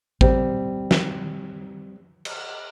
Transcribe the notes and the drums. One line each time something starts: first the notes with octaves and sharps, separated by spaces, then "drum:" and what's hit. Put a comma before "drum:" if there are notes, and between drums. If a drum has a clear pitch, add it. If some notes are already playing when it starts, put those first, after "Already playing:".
G3 C4, drum: kick A1
drum: snare
drum: cymbal